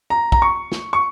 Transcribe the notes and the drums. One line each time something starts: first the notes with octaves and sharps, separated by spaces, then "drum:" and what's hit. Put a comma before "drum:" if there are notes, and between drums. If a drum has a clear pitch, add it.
A#5
A#5, drum: kick
C#6
drum: snare
C#6